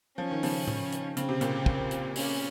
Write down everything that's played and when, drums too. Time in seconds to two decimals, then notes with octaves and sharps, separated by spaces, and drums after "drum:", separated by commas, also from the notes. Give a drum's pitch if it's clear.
0.18 F3 C#4
0.31 D#3
0.43 C#3 F3, drum: open hi-hat
0.68 drum: tom A2
0.92 drum: hi-hat
1.17 C#3 C4, drum: hi-hat
1.29 C3
1.41 A#2 C#3, drum: hi-hat
1.66 drum: kick
1.91 drum: hi-hat
2.15 C#4, drum: open hi-hat